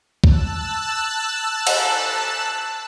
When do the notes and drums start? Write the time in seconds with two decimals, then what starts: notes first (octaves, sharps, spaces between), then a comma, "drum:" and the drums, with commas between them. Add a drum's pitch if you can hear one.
0.24 A5 E6 F#6, drum: kick
1.67 drum: cymbal